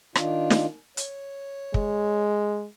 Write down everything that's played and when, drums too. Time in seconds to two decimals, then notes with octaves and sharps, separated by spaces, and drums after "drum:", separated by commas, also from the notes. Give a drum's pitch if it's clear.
0.15 D#3 D4 F4, drum: rim click
0.50 drum: snare
0.97 C#5, drum: hi-hat
1.74 G#3, drum: kick